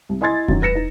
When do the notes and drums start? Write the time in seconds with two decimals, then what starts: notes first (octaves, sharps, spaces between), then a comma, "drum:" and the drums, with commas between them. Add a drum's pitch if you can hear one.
0.09 C2
0.21 E4 D#5 G#5 C6 G#6 A6
0.48 F#2 D#3 F#3, drum: kick E1
0.62 B4 A#6 C#7 E7
0.75 D#4